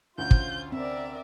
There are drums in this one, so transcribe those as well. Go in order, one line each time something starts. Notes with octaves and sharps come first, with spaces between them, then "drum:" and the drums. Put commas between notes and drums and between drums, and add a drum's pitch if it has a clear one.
D2 C#4 F4 C5 G6
drum: kick
C4 A#4 D5 E5